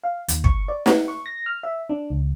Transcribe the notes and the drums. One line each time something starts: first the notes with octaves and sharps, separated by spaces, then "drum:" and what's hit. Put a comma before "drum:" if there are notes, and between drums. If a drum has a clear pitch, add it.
F5
D#2, drum: hi-hat
C#6, drum: kick
D5
F#5, drum: snare
C#6
A#6
F6
E5
D4
C#2